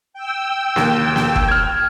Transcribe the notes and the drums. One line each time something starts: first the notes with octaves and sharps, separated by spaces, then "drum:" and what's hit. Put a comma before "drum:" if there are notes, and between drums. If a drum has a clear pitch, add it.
G5 E6
D#2, drum: snare A#3
drum: snare A#3
drum: kick
F6 G#6